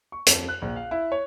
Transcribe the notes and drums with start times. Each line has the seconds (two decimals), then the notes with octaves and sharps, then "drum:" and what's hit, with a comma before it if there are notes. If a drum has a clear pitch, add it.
0.12 C#6
0.27 F2, drum: hi-hat
0.49 F#6
0.62 A#1
0.76 F5
0.91 E4
1.12 C#5